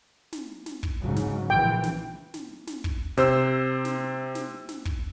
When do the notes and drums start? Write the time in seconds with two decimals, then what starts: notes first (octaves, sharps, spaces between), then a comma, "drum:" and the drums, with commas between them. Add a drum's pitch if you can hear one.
0.33 drum: snare
0.66 drum: snare
0.83 drum: kick
1.03 G#2 C#3 F#3
1.16 drum: snare
1.50 A#1 E3 G5
1.83 drum: snare
2.34 drum: snare
2.67 drum: snare
2.84 drum: kick
3.17 C3 C5 E6, drum: snare
3.85 drum: snare
4.35 drum: snare
4.69 drum: snare
4.85 drum: kick